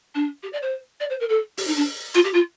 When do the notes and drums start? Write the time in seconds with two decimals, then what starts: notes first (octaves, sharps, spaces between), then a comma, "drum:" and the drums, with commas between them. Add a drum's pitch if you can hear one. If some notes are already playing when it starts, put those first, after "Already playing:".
0.14 D4
0.42 G4
0.52 D5
0.62 C5
1.00 D5
1.10 C5
1.20 A#4
1.29 A4
1.57 G4, drum: open hi-hat
1.67 D#4
1.76 D4
2.14 F4, drum: hi-hat
2.24 G4
2.33 F4